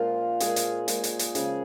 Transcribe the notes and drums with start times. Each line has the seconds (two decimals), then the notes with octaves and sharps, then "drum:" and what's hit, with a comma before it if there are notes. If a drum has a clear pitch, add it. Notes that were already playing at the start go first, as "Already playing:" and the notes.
Already playing: A#2 F3 G#3 F4
0.40 A#2 G#3 G#4, drum: hi-hat
0.56 drum: hi-hat
0.88 A#2 G#3, drum: hi-hat
1.04 drum: hi-hat
1.19 drum: hi-hat
1.35 C#3 F3 G#3 G#4, drum: hi-hat